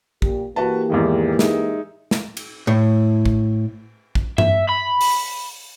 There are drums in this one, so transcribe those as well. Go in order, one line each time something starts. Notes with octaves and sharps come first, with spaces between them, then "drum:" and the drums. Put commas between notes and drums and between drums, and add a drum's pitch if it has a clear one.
A#2 G4, drum: kick A1
E3 A#3 F#4 G4 B4 A5
E2 G#2 D#3
G#3 D#4 E5, drum: snare
drum: snare
drum: cymbal
A2
drum: kick A1
drum: kick A1
E5, drum: tom G2
B5
drum: open hi-hat